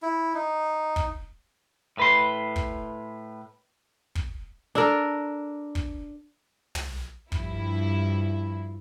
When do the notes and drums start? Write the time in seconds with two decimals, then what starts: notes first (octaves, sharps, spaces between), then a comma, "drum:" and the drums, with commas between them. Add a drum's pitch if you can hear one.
0.02 E4
0.35 D#4
0.96 drum: kick
1.97 A2 B4 C6
2.56 drum: kick
4.15 drum: kick
4.75 D4 A4 A#4
5.75 drum: kick
6.75 drum: tom
7.32 G2 F3 E4, drum: kick